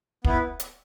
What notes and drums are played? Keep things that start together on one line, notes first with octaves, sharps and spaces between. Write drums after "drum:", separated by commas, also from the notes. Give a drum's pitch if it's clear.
B3 E4 B4, drum: kick
drum: hi-hat